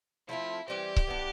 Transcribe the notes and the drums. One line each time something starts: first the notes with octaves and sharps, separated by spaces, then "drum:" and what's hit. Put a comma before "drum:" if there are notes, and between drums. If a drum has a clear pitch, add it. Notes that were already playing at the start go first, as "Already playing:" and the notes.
F3 A3 C4 E4 F4
E3 G3 C4 G4
drum: kick C#1
E3 B3 D4